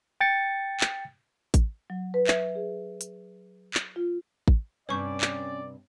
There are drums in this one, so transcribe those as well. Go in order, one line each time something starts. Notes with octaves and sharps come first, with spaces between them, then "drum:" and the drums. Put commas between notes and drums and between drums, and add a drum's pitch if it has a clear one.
G5 A6 C#7
drum: clap
drum: kick A1, hi-hat
F#3
B4
E5, drum: clap
G#4
drum: hi-hat
drum: clap
F4
drum: kick A1
G2 C3 C#4 B4 C#5 D5 C#6 G6
drum: clap